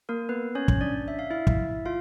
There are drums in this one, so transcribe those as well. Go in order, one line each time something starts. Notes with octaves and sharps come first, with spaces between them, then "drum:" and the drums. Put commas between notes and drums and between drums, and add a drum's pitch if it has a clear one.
A#3 A#4
B3 B4
C#4 C#5
drum: kick
D4 D5
E5
F5
E4 E5
drum: kick
F4 F5